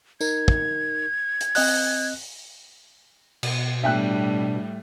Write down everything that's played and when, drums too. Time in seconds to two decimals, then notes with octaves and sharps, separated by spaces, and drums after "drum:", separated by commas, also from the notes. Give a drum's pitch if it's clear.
0.21 D#4 A#4 G#6, drum: tambourine
0.48 drum: kick
1.41 drum: hi-hat
1.55 C4 D#5 F#6, drum: open hi-hat
3.43 B2, drum: cymbal
3.84 A2 G3 D4 E5 G5 F#6